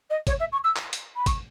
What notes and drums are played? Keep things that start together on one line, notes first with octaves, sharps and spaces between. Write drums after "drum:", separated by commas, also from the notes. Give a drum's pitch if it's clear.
D#5
C#5, drum: kick, hi-hat
E5
C#6
E6
drum: clap
drum: hi-hat
B5
C#6, drum: kick, hi-hat